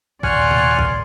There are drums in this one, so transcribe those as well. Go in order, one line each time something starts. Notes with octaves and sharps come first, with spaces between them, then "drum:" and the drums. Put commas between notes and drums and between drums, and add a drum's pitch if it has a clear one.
D#2 A#2 C#5 D5 F#5 G#5 C6 F6, drum: kick
drum: tom B2
drum: kick